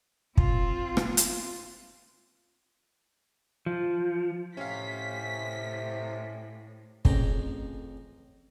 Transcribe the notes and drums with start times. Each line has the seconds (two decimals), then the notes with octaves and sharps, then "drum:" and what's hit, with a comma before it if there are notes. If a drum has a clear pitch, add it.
0.37 C4 F4, drum: kick
0.97 drum: rim click
1.17 drum: hi-hat
3.66 F3
4.57 A2 C3 C#4 F5 B6
7.05 A1 F2 C#3 G5 A#5, drum: kick